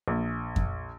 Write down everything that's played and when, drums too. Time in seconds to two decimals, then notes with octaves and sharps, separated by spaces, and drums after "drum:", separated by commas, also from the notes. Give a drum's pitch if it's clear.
0.08 A#1
0.56 drum: kick F2